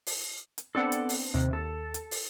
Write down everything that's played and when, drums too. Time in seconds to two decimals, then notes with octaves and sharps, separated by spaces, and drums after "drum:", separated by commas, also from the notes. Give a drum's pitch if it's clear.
0.07 drum: open hi-hat
0.58 drum: hi-hat
0.75 B3 C4 D4 A4 D5 F#5
0.92 drum: hi-hat
1.09 drum: open hi-hat
1.34 D#2 C3
1.53 A4
1.94 drum: hi-hat
2.11 drum: open hi-hat